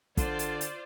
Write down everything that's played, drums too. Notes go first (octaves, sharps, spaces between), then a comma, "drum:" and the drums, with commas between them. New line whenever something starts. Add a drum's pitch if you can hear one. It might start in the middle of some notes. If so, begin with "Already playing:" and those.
D3 F4 C5 D5, drum: kick, hi-hat
drum: hi-hat
drum: hi-hat